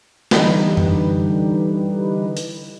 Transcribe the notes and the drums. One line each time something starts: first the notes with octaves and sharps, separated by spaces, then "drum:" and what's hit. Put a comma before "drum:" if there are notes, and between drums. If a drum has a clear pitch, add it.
D3 E3 G3 D#4 G4 B4, drum: snare
drum: tom F#2
drum: hi-hat